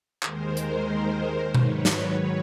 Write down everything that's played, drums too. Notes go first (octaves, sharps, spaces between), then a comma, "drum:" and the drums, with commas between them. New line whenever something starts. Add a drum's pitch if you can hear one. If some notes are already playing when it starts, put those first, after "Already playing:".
D#2 D#3 G#3 A#4 C5, drum: clap
drum: hi-hat
G#2 D#3 F#3 B4 C#5, drum: tom B2
drum: snare